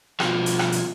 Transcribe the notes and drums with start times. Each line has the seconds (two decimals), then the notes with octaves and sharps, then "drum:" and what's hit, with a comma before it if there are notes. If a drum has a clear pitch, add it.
0.20 B2 F3, drum: rim click
0.46 drum: hi-hat
0.59 drum: rim click
0.72 drum: hi-hat